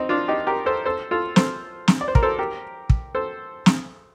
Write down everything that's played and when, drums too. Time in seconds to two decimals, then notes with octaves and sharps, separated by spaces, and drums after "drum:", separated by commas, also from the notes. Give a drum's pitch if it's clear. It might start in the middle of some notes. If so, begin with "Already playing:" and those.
Already playing: C4 D#4
0.09 D4 F4
0.28 D#4 G4
0.47 G4 A#4
0.66 A4 C5
0.86 A4 C5
1.11 F4 A4
1.36 A4 C5, drum: snare
1.88 drum: snare
2.01 D5
2.08 C5
2.15 A#4, drum: kick
2.23 A4 C5
2.39 G4 A#4
2.90 drum: kick
3.15 A4 C5
3.66 drum: snare